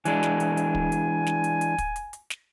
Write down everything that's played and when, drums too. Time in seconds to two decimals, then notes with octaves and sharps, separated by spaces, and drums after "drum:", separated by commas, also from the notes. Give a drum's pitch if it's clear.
0.05 E3 G#3 D4 G#5, drum: hi-hat
0.23 drum: snare
0.40 drum: hi-hat
0.57 drum: hi-hat
0.75 drum: kick
0.92 drum: hi-hat
1.26 drum: snare
1.44 drum: hi-hat
1.61 drum: hi-hat
1.78 drum: kick, hi-hat
1.96 drum: hi-hat
2.13 drum: hi-hat
2.30 drum: snare